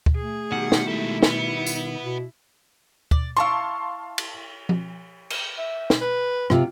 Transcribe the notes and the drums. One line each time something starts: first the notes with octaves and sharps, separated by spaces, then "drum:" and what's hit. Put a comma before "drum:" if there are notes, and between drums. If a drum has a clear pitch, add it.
drum: kick D2
A3 G#4
B2 D#3 G3 F#5
drum: snare
G#3 E4 A4
B3, drum: snare
drum: tambourine
B2
D5, drum: kick D2
E4 F5 A5 C6 C#6
drum: cymbal
drum: tom F3
drum: cymbal
E5
drum: snare
B4
C3 F4, drum: rim click